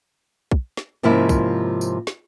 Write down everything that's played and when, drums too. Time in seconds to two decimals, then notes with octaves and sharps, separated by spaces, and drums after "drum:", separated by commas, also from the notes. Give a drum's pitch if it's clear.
0.51 drum: kick
0.77 drum: snare
1.03 G#2 C3 F3 A#3 C#4 E4
1.29 drum: kick, tambourine
1.81 drum: tambourine
2.07 drum: snare